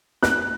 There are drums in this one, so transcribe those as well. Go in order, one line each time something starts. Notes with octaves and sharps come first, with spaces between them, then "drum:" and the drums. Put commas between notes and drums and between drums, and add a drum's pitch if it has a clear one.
F#6, drum: snare